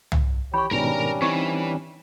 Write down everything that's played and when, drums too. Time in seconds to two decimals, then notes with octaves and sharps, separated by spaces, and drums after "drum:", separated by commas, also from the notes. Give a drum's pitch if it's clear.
0.12 drum: tom C2
0.54 E3 G4 C#5 G5 B5 C#6
0.71 G#2 B2 D#3 G3 C#4 D4 A#4 A#5
1.22 E3 C4 D#4 C#6